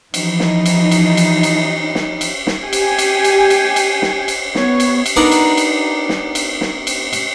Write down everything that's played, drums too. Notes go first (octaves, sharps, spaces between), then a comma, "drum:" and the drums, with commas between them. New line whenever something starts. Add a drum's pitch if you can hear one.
E3 F3 D#4, drum: cymbal
drum: snare
drum: cymbal
drum: cymbal
drum: cymbal
drum: cymbal
drum: snare
drum: cymbal
drum: snare
G4 G5 G#5
drum: cymbal
drum: cymbal
drum: cymbal
drum: cymbal
drum: cymbal
drum: snare
drum: cymbal
B3 C#5, drum: snare
drum: cymbal
drum: cymbal
B3 D4 D#4 A#4 F#5
drum: cymbal
drum: cymbal
drum: snare
drum: cymbal
drum: snare
drum: cymbal
drum: cymbal